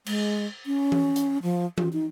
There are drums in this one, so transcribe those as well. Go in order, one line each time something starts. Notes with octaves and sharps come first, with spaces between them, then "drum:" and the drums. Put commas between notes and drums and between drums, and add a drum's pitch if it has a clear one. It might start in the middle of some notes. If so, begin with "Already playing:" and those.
G#3, drum: cymbal
C#4
drum: tom E3
drum: hi-hat
F3
F4, drum: tom E3
D#4